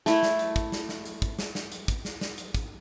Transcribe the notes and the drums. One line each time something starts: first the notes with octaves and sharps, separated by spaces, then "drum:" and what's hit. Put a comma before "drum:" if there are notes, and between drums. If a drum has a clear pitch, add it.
A3 E4, drum: snare
drum: snare
drum: hi-hat
drum: kick, hi-hat
drum: snare
drum: snare
drum: hi-hat
drum: kick, hi-hat
drum: snare
drum: snare
drum: hi-hat
drum: kick, hi-hat
drum: snare
drum: snare
drum: hi-hat
drum: kick, hi-hat